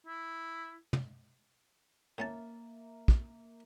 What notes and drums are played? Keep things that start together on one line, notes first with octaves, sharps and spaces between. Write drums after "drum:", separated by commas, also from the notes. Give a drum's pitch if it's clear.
E4
drum: tom
A2 A#3 C#4 E5 A5
drum: kick